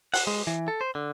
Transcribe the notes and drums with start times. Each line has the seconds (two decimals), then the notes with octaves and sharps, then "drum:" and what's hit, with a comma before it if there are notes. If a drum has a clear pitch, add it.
0.14 F#5, drum: open hi-hat
0.27 G#3
0.47 E3
0.68 A4
0.81 C5
0.95 D3